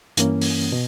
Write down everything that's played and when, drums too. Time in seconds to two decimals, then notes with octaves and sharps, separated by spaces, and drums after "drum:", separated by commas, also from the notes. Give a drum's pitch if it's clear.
0.17 G2 E3 A#3 C#4, drum: hi-hat
0.41 drum: open hi-hat
0.72 B2